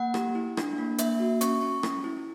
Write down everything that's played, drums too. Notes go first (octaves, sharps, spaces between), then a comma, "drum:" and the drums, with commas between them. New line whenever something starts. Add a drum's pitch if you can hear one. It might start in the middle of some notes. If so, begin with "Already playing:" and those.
Already playing: A#3 F#5
G4, drum: rim click
E4
D4, drum: rim click
A#3
A#3 E5, drum: hi-hat
F#4
C#4 C#6, drum: hi-hat
C#4 C#6
C#4, drum: rim click
E4